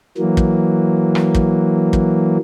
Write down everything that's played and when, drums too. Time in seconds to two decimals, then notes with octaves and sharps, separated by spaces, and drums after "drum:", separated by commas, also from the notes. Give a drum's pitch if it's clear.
0.18 E3 F#3 A#3
0.37 drum: kick
1.15 drum: rim click
1.35 drum: kick
1.93 drum: kick